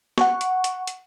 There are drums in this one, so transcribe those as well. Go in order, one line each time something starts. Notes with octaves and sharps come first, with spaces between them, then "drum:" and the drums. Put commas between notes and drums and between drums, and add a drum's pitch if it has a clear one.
F#5 C#6, drum: snare
drum: hi-hat
drum: hi-hat
drum: hi-hat